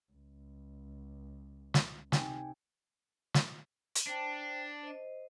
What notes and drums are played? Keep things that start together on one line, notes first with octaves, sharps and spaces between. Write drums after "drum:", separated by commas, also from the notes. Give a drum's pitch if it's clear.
C#2
drum: snare
C3 D#4 G5 G#5, drum: snare
drum: snare
drum: hi-hat
D4 C5 G5 A5
C5 D#5